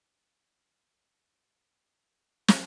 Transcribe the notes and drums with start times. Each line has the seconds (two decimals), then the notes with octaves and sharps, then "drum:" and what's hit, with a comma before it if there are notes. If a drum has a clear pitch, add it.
0.14 E4 F#4 G4 D#5
0.87 D4 G#4
1.44 C3 D#3 B4
2.48 drum: snare